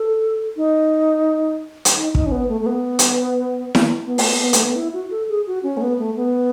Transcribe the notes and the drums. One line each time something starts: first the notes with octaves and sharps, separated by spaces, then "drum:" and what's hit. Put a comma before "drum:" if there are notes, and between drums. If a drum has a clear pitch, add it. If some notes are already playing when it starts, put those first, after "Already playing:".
Already playing: A4
D#4
drum: hi-hat
D#4
D#4, drum: kick
C#4
B3
A3
A3
B3
drum: hi-hat
drum: snare E4
B3
A3, drum: open hi-hat
B3
B3
A3, drum: hi-hat
B3
E4
F#4
A4
G#4
F#4
C#4
A3
B3
A3
B3